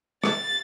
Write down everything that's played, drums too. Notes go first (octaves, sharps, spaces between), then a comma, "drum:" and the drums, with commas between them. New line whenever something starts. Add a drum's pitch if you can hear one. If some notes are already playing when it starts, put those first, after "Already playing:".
A6, drum: rim click